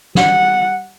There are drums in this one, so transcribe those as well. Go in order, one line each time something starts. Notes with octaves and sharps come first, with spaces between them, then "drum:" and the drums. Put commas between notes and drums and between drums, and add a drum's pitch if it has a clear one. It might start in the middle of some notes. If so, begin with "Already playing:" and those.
G3 F#5, drum: snare